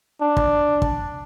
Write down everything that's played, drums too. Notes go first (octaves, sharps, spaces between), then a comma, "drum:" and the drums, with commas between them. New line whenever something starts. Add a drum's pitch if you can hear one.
D4
drum: kick
drum: kick